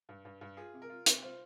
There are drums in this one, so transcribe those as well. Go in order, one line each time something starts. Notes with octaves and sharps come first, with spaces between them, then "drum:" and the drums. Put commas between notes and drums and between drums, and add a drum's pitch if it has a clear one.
G2
G2
G2
F4 G#4
C3
A#4
F4
C3, drum: hi-hat
F4 C5